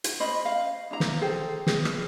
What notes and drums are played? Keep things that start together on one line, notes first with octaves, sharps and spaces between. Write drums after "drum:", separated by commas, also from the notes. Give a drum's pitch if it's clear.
drum: hi-hat
C#4 C5 D#5 B5
F5
D4 E4 A#5
drum: snare
G#4 A4 C5 G5
G#4, drum: snare
drum: rim click